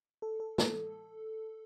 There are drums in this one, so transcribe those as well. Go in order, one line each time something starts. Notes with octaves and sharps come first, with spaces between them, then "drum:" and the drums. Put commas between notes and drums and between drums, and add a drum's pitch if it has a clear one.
A4
A4
A4, drum: snare